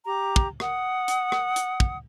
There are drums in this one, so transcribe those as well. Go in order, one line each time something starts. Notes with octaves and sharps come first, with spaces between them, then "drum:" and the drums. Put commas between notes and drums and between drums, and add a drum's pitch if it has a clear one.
G4 A#5 D6
drum: kick
F#5 D#6, drum: rim click
drum: hi-hat
drum: rim click
drum: hi-hat
drum: kick